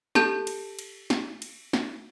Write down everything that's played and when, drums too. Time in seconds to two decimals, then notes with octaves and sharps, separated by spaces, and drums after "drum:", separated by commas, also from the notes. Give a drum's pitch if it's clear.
0.15 G4 A4 A5 G6, drum: snare
0.47 drum: cymbal
0.79 drum: cymbal
1.10 drum: snare
1.42 drum: cymbal
1.73 drum: snare